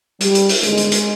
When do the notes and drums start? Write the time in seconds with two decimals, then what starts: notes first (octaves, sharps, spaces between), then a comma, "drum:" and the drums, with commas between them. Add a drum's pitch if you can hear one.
0.21 G3, drum: hi-hat
0.35 drum: hi-hat
0.49 drum: open hi-hat
0.63 G1 G2 D#3 G#3, drum: hi-hat
0.78 drum: hi-hat
0.92 drum: hi-hat